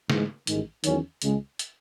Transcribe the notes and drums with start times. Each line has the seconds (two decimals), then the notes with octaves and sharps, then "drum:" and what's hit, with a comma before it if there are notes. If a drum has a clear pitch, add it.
0.10 G#2 E3 G#3, drum: snare
0.47 A1 G#2 D#3 G#3, drum: hi-hat
0.84 E2 D#3 F#3 C#4, drum: hi-hat
1.22 C#2 C#3 G#3, drum: hi-hat
1.59 drum: hi-hat